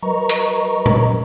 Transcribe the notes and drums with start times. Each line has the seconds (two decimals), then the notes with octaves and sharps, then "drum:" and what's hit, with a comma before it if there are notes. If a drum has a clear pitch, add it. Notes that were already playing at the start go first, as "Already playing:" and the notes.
0.02 F#3 A#4 B4 D#5 A#5 C#6
0.29 drum: hi-hat
0.86 drum: tom A#2